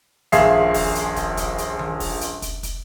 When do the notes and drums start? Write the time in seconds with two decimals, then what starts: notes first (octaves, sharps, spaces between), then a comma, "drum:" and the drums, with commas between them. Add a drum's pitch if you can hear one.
0.32 D#1 A#1 G#4 E5 F5 C7, drum: hi-hat
0.74 drum: kick, open hi-hat
0.95 drum: hi-hat
1.16 drum: kick, hi-hat
1.37 drum: kick, hi-hat
1.58 drum: hi-hat
1.79 drum: tom D#3
2.00 drum: kick, open hi-hat
2.21 drum: hi-hat
2.42 drum: kick, hi-hat
2.63 drum: kick, hi-hat